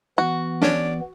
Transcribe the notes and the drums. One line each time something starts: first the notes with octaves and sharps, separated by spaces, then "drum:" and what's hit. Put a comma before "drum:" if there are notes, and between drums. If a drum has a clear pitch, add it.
E3 B3 F#4
C#4 D4 C#5 D5, drum: snare